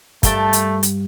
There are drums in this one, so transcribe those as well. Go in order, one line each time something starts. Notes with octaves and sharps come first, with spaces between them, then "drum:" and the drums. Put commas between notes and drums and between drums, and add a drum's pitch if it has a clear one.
G2 A3 A#4 G5 A5, drum: kick, hi-hat
drum: hi-hat
drum: hi-hat